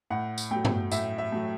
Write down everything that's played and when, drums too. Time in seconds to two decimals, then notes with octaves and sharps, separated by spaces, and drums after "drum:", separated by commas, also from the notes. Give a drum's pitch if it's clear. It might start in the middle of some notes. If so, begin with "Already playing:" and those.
0.10 A2 F#5
0.38 drum: tambourine
0.51 F#3 A3 G5
0.65 drum: tom G2
0.92 A2 E5, drum: tambourine
1.18 E5
1.32 F#3 A3